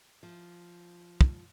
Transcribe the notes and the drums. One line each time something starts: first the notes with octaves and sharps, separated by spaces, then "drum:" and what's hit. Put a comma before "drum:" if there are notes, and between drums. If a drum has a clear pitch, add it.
F3
drum: kick